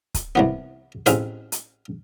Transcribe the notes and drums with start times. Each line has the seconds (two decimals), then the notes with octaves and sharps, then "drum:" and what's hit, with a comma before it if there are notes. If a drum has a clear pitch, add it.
0.14 drum: kick, hi-hat
0.35 C2 E3 B3
1.06 A1 C4 D#4 G#4 B4 F5, drum: hi-hat
1.52 drum: hi-hat